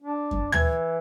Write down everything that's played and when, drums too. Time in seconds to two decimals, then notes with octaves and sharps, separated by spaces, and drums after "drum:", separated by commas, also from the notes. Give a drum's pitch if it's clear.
0.02 D4
0.31 drum: kick F#2
0.52 E3 G#6, drum: tom